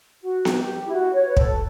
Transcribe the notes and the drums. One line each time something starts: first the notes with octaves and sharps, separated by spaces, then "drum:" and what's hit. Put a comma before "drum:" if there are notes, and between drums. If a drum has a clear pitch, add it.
F#4
drum: snare B3
G4
E4
F#4
C#5
B4
A4, drum: kick